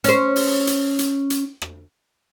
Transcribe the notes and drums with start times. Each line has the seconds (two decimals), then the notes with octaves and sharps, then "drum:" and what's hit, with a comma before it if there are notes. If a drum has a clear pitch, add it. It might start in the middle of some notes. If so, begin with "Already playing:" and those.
0.04 C#4 C5, drum: hi-hat
0.36 drum: open hi-hat
0.67 drum: hi-hat
0.99 drum: hi-hat
1.30 drum: hi-hat
1.62 drum: rim click